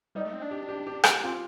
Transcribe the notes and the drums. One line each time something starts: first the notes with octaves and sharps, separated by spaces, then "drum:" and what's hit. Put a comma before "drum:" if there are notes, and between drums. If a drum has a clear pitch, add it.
G3 D#4
A3
C4
D4
G4
G4
G4
G4, drum: rim click
C4 F4